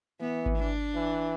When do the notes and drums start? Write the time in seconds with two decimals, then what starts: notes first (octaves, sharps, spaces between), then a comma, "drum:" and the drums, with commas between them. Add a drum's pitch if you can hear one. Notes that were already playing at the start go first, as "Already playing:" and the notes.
0.21 E3 B3
0.46 drum: kick G#1
0.58 D4
0.95 E3